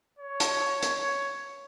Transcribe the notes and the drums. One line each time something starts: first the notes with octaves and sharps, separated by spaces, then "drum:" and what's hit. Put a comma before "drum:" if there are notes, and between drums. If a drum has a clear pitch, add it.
C#5
drum: hi-hat
drum: hi-hat